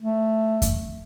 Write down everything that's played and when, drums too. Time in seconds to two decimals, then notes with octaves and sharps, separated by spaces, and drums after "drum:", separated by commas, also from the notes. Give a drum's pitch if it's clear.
0.01 A3
0.62 drum: kick F2, hi-hat